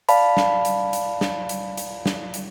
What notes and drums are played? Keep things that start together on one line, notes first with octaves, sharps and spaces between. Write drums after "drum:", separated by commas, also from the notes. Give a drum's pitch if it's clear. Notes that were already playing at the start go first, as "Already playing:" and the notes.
D5 F5 A5 B5, drum: hi-hat
drum: snare
drum: hi-hat
drum: hi-hat
drum: snare
drum: hi-hat
drum: hi-hat
drum: snare
drum: hi-hat